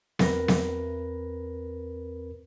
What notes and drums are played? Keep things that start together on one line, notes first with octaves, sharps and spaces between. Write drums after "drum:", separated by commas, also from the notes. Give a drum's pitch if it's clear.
E2 C4 A#4 B4 A#6, drum: snare B3
drum: snare B3